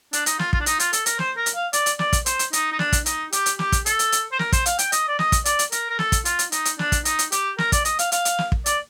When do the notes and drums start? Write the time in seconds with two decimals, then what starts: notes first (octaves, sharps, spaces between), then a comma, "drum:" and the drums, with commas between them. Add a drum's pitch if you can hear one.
0.13 D4, drum: hi-hat
0.26 D#4, drum: hi-hat
0.39 F4, drum: snare
0.53 F4, drum: kick
0.60 D4
0.66 D#4, drum: hi-hat
0.80 F4, drum: hi-hat
0.93 A4, drum: hi-hat
1.06 A#4, drum: hi-hat
1.19 C5, drum: snare
1.37 A#4
1.46 drum: hi-hat
1.55 F5
1.73 D5, drum: hi-hat
1.86 drum: hi-hat
1.99 D5, drum: snare
2.13 drum: kick, hi-hat
2.26 C5, drum: hi-hat
2.39 drum: hi-hat
2.53 D#4, drum: hi-hat
2.72 D#4
2.79 D4, drum: snare
2.92 drum: kick, hi-hat
3.06 D#4, drum: hi-hat
3.32 G4, drum: hi-hat
3.46 drum: hi-hat
3.59 G4, drum: snare
3.72 drum: kick, hi-hat
3.86 A4, drum: hi-hat
3.99 drum: hi-hat
4.12 drum: hi-hat
4.32 C5
4.39 A#4, drum: snare
4.52 C5, drum: kick, hi-hat
4.66 F5, drum: hi-hat
4.79 G5, drum: hi-hat
4.92 D#5, drum: hi-hat
5.08 D5
5.19 D#5, drum: snare
5.32 drum: kick, hi-hat
5.45 D5, drum: hi-hat
5.59 drum: hi-hat
5.72 A#4, drum: hi-hat
5.90 A#4
5.99 A4, drum: snare
6.12 drum: kick, hi-hat
6.25 F4, drum: hi-hat
6.39 drum: hi-hat
6.52 D#4, drum: hi-hat
6.65 drum: hi-hat
6.79 D4, drum: snare
6.92 drum: kick, hi-hat
7.05 D#4, drum: hi-hat
7.19 drum: hi-hat
7.32 G4, drum: hi-hat
7.58 A#4, drum: snare
7.72 D5, drum: kick, hi-hat
7.85 D#5, drum: hi-hat
7.99 F5, drum: hi-hat
8.12 F5, drum: hi-hat
8.25 drum: hi-hat
8.38 drum: snare
8.52 drum: kick
8.66 D5, drum: hi-hat